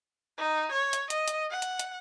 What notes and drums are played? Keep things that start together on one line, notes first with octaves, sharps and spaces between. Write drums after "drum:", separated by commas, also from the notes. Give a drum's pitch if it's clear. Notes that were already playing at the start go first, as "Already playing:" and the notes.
D#4
C#5
drum: hi-hat
D#5, drum: hi-hat
drum: hi-hat
F#5
drum: hi-hat
drum: hi-hat